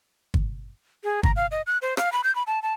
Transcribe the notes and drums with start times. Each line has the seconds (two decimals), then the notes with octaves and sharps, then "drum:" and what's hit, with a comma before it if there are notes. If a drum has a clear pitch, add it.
0.34 drum: kick
1.04 G#4
1.23 A#5, drum: kick
1.36 F5
1.51 D#5
1.67 F#6
1.82 C5
1.97 F5, drum: rim click
2.12 B5
2.24 G6
2.35 B5
2.47 A5
2.62 A5